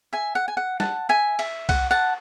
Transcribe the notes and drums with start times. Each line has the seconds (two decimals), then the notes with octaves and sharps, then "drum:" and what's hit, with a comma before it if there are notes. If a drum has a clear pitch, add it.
0.13 E5 G#5
0.35 F#5
0.48 G#5
0.57 F#5
0.80 F#5 A5, drum: snare
1.09 E5 G#5
1.39 E5, drum: cymbal
1.69 F#5, drum: kick C2, cymbal
1.91 F#5 A5